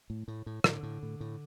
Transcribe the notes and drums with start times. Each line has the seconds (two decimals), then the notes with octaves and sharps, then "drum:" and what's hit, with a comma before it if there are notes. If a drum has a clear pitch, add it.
0.10 A2
0.28 A2
0.46 A2
0.64 A2 D3, drum: rim click
0.83 A2
1.03 A2
1.20 A2